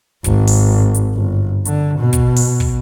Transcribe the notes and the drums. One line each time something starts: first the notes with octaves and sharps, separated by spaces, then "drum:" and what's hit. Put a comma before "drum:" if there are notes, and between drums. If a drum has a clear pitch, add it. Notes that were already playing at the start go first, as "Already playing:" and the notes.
G#1, drum: kick, hi-hat
drum: open hi-hat
drum: hi-hat
G1
D3, drum: hi-hat
B2
drum: kick, hi-hat
drum: open hi-hat
drum: kick